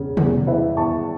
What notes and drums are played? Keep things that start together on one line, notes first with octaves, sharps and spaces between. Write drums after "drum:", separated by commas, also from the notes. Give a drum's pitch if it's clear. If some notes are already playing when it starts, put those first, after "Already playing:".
Already playing: E2 C#3
E2, drum: tom
E3 B4 E5
E2 A5 C#6